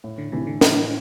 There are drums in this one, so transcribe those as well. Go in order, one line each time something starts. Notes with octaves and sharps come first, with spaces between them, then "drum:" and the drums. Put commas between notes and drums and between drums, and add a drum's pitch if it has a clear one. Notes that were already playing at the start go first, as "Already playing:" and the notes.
A2
D3
C3 E3 A3 E4
D3
A2, drum: snare